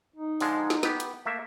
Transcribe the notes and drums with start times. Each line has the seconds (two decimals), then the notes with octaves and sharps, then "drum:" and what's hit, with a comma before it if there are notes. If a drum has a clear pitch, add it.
0.16 D#4
0.41 D3 F3 G#3, drum: open hi-hat
0.70 drum: snare
0.83 B3 G4, drum: snare
1.00 drum: hi-hat
1.26 A3 A#3 E5